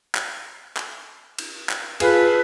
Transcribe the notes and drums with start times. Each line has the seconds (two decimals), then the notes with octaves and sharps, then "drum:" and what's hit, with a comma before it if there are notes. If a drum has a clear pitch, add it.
0.15 drum: clap
0.77 drum: clap
1.39 drum: cymbal
1.69 drum: clap
2.00 F4 G#4 A4 B4, drum: cymbal